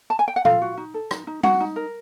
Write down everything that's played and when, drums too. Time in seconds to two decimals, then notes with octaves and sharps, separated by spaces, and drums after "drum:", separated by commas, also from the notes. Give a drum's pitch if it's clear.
0.10 A5
0.19 G#5
0.28 G5
0.36 F#5
0.45 F4 A4 F5, drum: tom
0.62 F#4
0.77 D#4
0.94 A4
1.11 D#4, drum: rim click
1.27 D#4
1.43 D#4 F#4 F#5, drum: tom G3
1.60 D#4
1.76 A#4